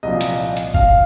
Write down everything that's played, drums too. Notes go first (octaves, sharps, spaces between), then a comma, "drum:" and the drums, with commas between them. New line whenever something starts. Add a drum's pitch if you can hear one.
C2 A#2 F3 D#5
drum: hi-hat
drum: hi-hat
F5, drum: kick